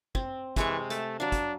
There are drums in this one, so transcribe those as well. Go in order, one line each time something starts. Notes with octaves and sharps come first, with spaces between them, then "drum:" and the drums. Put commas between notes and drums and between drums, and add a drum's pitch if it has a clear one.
C4, drum: kick
C3 E3 G#3 C#6, drum: kick, hi-hat
A3 A5, drum: hi-hat
F#3 D4 F5
drum: kick, hi-hat